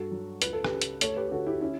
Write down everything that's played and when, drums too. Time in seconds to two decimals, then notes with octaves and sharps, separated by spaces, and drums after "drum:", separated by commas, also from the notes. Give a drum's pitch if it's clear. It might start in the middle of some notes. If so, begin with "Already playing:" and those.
Already playing: G2 F#4 A4
0.11 F#3
0.42 C#2 B4, drum: hi-hat
0.53 A4
0.64 G4 B4, drum: rim click
0.72 C#3
0.82 drum: hi-hat
1.01 D2 A4 C#5, drum: hi-hat
1.16 G4 B4
1.27 G4
1.31 D3 F#4 A4
1.46 E4 G4
1.61 C#4 E4